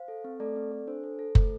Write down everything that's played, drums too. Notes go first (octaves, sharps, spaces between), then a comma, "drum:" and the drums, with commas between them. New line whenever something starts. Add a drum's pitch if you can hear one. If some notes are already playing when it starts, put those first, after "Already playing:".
Already playing: C5 F5
A4
C4
A3 A4 D5
C4
A4
D4 C5
A4
A4
A3, drum: kick